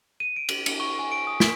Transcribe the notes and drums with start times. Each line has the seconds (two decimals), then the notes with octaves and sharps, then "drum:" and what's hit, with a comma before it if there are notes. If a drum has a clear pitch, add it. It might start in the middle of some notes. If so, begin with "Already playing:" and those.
0.20 D#7
0.36 D7
0.49 F#7, drum: cymbal
0.66 C#7, drum: cymbal
0.80 C#6
0.99 G#5
1.12 D7
1.27 D#6
1.40 B6, drum: snare